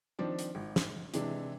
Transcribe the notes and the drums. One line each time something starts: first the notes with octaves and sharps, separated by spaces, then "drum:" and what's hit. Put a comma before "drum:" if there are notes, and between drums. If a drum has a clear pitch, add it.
D#3 F3 C4 D4
drum: hi-hat
G#1
drum: snare
C3 E3 G#3 D4, drum: hi-hat